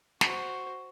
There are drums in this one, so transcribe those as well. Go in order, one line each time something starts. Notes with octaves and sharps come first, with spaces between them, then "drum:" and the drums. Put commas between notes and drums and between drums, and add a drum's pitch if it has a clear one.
F#4 C5, drum: snare